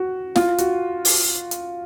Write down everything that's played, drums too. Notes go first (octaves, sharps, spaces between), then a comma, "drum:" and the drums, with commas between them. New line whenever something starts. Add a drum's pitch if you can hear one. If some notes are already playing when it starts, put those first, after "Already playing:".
Already playing: F#4
F4, drum: snare
F#4, drum: hi-hat
drum: open hi-hat
drum: hi-hat